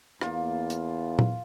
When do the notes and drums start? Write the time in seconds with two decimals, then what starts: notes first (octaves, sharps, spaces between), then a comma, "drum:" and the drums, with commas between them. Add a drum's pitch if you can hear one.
0.21 E2 A#3 F4, drum: rim click
0.70 drum: hi-hat
1.19 drum: tom A#2